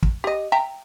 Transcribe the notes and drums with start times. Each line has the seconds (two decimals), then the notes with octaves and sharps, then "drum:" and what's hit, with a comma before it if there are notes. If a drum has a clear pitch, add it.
0.03 drum: kick
0.24 G4 D#5
0.52 E5 G5 A#5